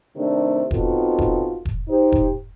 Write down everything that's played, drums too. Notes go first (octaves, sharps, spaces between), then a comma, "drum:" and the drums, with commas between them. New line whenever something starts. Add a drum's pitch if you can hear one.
C3 D#3 A3 D4
B3 C4 D#4 F4 F#4 A4, drum: kick E1
drum: kick E1
drum: kick E1
D#4 G4 C5
drum: kick E1